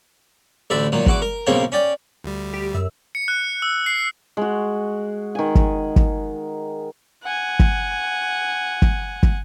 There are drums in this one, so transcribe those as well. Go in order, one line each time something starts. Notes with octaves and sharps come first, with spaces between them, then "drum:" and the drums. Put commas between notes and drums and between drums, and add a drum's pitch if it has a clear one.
A1 D2 D5 E5 B5
A#2 D#3 F#3
E2 F#4 D6, drum: kick
A#4
B1 C#3 A#3 C4 C#5
C#4 D5 G5
D2 G3
G4
F#2 E6
C#7
F#6
E6
C7
G#3 F#4
D#3 G#5
drum: kick
drum: kick
F#5 G#5
drum: kick
drum: kick
drum: kick